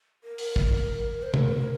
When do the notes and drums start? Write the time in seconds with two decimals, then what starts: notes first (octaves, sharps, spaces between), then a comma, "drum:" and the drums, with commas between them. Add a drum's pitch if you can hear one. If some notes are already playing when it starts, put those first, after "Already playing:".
0.24 A#4
0.38 drum: open hi-hat
0.56 drum: kick
1.23 C5
1.34 A#4, drum: tom